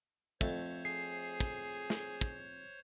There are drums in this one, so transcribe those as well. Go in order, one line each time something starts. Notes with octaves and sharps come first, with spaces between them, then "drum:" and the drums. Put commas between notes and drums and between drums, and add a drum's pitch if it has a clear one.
F2 A3 C5 C#5 A5, drum: kick
G#4 C7
drum: kick
drum: snare
drum: kick